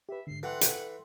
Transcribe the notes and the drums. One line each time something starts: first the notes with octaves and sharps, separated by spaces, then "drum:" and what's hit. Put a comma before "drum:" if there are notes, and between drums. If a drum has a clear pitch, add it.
G4 B4 E5
G#2 D3 C7
E3 A4 F#5 G5 C6
drum: hi-hat